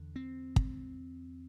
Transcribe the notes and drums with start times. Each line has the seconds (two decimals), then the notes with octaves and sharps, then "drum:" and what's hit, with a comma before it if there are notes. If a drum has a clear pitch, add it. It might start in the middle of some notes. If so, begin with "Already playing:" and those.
Already playing: E2 D3
0.16 C4
0.56 drum: kick